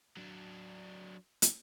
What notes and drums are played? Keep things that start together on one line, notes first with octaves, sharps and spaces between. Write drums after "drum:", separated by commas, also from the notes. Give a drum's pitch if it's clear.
F#3 D4
drum: hi-hat